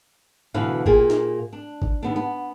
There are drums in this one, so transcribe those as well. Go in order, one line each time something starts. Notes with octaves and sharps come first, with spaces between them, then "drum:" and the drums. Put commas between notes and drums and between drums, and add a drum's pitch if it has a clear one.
D2 B2 D3 E3 B4 F5
A#2 A#3 G4 G#4, drum: kick G#1
drum: snare
D4
drum: kick G#1
D#2 B3 D4
B3